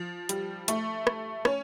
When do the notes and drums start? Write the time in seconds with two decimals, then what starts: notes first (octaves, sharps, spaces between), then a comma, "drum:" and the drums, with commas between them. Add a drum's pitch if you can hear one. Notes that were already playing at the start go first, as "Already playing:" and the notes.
Already playing: F3
0.29 G3, drum: hi-hat
0.68 A3, drum: hi-hat
1.07 drum: rim click
1.45 C#4, drum: rim click